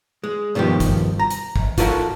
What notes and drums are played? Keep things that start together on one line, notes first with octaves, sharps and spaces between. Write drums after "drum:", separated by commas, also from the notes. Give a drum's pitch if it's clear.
G#3
G2 B2 D#3 F3 G4
drum: kick, hi-hat
A#5
drum: hi-hat
drum: kick
F4 F#4 A4 A#4 D#5 E5, drum: kick, hi-hat